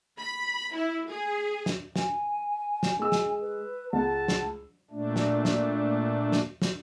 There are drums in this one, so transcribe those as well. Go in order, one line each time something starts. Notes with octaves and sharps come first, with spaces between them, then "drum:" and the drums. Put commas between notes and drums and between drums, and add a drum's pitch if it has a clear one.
B5
E4
G#4
drum: snare
G#5, drum: snare
drum: snare
G#3 E6
drum: snare
B4
C#2 F#5 A5
drum: snare
A#2 A3 D4
drum: snare
drum: snare
drum: snare
drum: snare